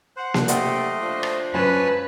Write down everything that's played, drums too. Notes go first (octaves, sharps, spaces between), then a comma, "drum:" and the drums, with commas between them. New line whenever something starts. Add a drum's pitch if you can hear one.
C5 F#5
drum: snare A#3
C3 A3 C5 D5 D#5 F#5 G5, drum: hi-hat
F3 D4
drum: rim click
F#2 B4 C#5 G#5 A5